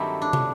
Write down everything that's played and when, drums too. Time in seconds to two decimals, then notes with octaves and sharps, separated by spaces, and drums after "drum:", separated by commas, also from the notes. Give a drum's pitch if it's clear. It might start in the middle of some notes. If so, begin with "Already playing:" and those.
Already playing: G2 D#3 F#3 A3 C4 E4
0.22 D4
0.33 drum: tom